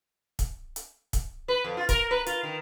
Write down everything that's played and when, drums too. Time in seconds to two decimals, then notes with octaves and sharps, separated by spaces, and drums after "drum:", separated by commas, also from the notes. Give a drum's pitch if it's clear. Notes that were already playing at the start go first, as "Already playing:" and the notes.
0.39 drum: kick, hi-hat
0.76 drum: hi-hat
1.13 drum: kick, hi-hat
1.48 B4
1.64 F2
1.77 F4
1.89 A#4, drum: kick, hi-hat
2.11 B4
2.26 F4, drum: hi-hat
2.43 D#3